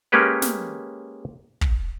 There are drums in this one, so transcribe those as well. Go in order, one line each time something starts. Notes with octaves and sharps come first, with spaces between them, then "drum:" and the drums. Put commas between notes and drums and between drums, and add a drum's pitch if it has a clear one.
G#3 A#3 C#4 G4 B4 C#5
drum: snare
drum: kick